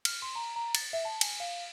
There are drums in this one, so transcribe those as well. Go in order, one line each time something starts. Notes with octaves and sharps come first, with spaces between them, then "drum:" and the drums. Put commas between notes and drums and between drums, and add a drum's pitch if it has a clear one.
F6, drum: cymbal
C6
A#5
A#5
A6, drum: cymbal
E5
A5
G#5, drum: cymbal
F5